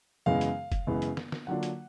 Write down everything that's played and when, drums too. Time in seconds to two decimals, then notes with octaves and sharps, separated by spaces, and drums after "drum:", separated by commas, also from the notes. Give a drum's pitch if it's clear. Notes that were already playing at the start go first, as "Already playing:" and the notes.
0.26 F#2 C#3 E3 G#3 B3 F5
0.41 drum: hi-hat
0.72 drum: kick, hi-hat
0.87 F#2 C#3 E3 G#3 B3
1.02 drum: hi-hat
1.17 drum: snare
1.32 drum: snare
1.47 D3 F#3 A#3 D4 F4 F#5
1.63 drum: hi-hat